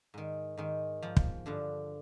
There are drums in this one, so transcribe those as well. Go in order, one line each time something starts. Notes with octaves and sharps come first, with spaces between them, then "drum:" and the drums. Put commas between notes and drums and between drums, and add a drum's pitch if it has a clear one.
G#2 D#3
G#2 D#3
G#2 F3
drum: kick
G2 D3 F3